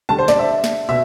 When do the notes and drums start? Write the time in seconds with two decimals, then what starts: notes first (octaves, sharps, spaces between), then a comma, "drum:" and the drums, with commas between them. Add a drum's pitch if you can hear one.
0.09 D3 G3 A5
0.19 C5
0.28 D5, drum: snare
0.39 E5
0.64 drum: snare
0.89 B2 E5